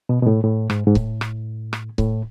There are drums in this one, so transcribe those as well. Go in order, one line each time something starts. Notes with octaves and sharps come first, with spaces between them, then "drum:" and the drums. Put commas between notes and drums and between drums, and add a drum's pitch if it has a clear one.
B2
B2
A2
A2
G#2, drum: rim click
G#2
A2, drum: kick C#1
drum: rim click
drum: rim click
A2, drum: kick C#1